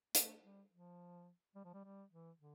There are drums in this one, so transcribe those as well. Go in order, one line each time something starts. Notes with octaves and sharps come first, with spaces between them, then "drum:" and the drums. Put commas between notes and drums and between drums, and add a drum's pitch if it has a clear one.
A3, drum: hi-hat
G3
F3
G3
F3
G3
G3
E3
D3